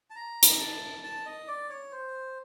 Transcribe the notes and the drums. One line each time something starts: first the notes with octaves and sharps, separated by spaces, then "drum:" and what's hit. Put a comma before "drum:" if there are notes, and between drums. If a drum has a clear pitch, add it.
A5
A#5
drum: hi-hat
A5
A5
D#5
D5
C#5
C5